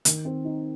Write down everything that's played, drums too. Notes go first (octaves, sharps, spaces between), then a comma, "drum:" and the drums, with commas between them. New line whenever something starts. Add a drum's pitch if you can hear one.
D#3, drum: hi-hat
C4
D#4